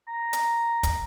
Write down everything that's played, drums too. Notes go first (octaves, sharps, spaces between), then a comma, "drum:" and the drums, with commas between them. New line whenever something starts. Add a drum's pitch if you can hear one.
A#5
drum: hi-hat
drum: kick, hi-hat